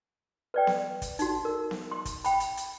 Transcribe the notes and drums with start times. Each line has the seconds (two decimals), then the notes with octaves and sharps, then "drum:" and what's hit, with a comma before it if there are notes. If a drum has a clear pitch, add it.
0.54 B4 D5 G5
0.67 drum: snare B3
1.02 drum: kick, hi-hat
1.19 D#4 F#4, drum: hi-hat
1.45 A#4
1.71 drum: snare B3
1.91 C6
2.05 drum: kick, hi-hat
2.24 G5 B5, drum: hi-hat
2.40 drum: hi-hat
2.57 drum: hi-hat